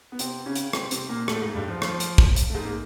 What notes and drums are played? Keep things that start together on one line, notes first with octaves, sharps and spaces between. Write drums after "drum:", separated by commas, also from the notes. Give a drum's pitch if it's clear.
B3
C3 C4, drum: hi-hat
C#3 C#4
drum: hi-hat
C3 C4, drum: rim click
C3 C4, drum: hi-hat
A#2 A#3
A2 A3, drum: rim click
G#2 G#3
G2 G3
F3
F3, drum: rim click
drum: hi-hat
drum: kick
drum: hi-hat
A3
G#2 G#3
A#3